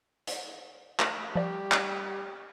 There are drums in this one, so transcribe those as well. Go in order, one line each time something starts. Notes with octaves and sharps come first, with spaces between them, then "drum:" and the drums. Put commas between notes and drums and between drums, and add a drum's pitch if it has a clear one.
drum: hi-hat
drum: clap
F3 G3 G4 D5
drum: clap